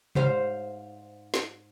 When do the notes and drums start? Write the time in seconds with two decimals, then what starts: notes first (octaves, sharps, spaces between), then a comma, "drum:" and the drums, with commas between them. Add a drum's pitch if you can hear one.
0.15 G#2 C5 F5, drum: tom C3
1.34 drum: snare